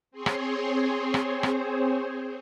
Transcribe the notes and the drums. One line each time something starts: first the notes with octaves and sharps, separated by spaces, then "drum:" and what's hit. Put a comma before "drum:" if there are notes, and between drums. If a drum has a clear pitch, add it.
C4 G#4 C5 C#5
drum: rim click
drum: rim click
drum: rim click